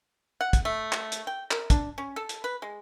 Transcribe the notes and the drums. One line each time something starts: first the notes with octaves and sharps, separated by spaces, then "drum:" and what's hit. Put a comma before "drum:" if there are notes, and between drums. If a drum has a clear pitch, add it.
F#5
drum: kick, hi-hat
A3
drum: clap
drum: hi-hat
G5
A#4, drum: clap
D4, drum: kick, hi-hat
C#4
A4
drum: hi-hat
B4
G#3